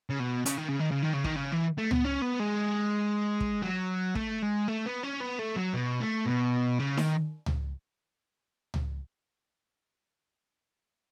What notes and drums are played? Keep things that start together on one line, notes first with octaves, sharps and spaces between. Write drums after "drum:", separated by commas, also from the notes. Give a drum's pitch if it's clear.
C#3
B2
C#3, drum: hi-hat
D#3
C#3
D#3
C#3
D#3
C#3
D#3, drum: kick
C#3
E3
A3
B3, drum: tom C#2
C#4
B3
G#3
drum: kick
F#3
A3, drum: kick
G#3
A3
B3
C#4
B3
A3
F#3
B2
A3
B2
C#3
D#3, drum: snare D#4
drum: tom C#2
drum: tom C#2